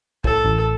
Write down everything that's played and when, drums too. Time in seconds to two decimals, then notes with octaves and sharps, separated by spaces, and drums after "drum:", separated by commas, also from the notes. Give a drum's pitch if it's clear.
0.24 A2 A4, drum: kick
0.45 A1